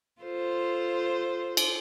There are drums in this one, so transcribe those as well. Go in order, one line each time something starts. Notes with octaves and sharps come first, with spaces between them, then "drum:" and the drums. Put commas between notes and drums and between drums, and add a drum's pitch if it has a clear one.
F4 A4 C5
drum: cymbal